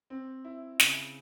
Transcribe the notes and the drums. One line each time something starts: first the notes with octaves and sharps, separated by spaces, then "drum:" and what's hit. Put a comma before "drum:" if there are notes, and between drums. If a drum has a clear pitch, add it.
C4
E4
C#3, drum: snare